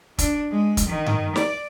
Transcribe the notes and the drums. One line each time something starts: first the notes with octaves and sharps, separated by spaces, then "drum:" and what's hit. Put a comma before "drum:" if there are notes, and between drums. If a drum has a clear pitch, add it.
D4, drum: kick, hi-hat
G#3
drum: kick, hi-hat
D#3
drum: tom G2
D5, drum: snare